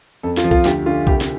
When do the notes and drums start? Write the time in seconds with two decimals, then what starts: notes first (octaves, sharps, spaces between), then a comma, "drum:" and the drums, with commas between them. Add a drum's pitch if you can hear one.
0.23 F2 A4
0.37 F4, drum: snare
0.44 F3
0.51 F4, drum: kick
0.65 D2 G4, drum: snare
0.86 D3 F4
1.07 C2 G4, drum: kick
1.21 drum: snare